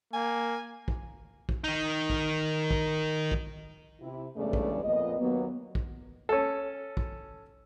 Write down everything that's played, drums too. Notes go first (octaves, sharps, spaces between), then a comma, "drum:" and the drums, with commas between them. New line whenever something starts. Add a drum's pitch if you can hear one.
A#3 G#5
drum: kick
drum: kick
D#3 D#4
drum: kick
drum: kick
drum: kick
C3 E4
E2 G2 C#3 G#3 A3 D5
drum: kick
F2 A#2 F3 B3 D#5
D#2 F#3 A#3 B3
drum: kick
C#4 A4
drum: kick